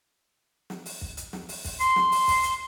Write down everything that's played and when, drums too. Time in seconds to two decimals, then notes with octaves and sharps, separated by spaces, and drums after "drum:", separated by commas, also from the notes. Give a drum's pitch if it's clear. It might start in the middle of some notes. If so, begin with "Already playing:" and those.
0.70 drum: snare
0.86 drum: open hi-hat
1.01 drum: kick
1.17 drum: hi-hat
1.33 drum: snare
1.49 drum: open hi-hat
1.64 drum: kick, open hi-hat
1.80 C6, drum: hi-hat
1.96 drum: snare
2.12 drum: open hi-hat
2.28 drum: kick, open hi-hat
2.43 drum: hi-hat